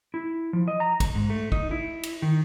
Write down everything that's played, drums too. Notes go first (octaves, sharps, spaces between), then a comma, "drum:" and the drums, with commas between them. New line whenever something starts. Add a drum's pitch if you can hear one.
E4
F3
D#5
A#5
drum: kick, cymbal
G#2
A3
D#4, drum: kick
E4
drum: cymbal
D#3